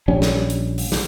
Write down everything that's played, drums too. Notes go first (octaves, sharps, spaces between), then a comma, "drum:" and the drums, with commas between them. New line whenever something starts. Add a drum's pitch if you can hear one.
A#1 G3 C#4
drum: snare
drum: hi-hat
drum: open hi-hat
drum: snare